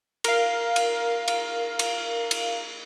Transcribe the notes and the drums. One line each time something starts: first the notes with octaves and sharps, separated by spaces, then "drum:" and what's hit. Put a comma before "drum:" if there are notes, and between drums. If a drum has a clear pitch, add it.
A#4 F5, drum: cymbal
drum: cymbal
drum: cymbal
drum: cymbal
drum: cymbal